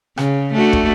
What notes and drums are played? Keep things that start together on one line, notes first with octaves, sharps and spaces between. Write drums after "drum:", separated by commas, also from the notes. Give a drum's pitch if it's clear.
C#3, drum: rim click
A3 D4 F#4
drum: kick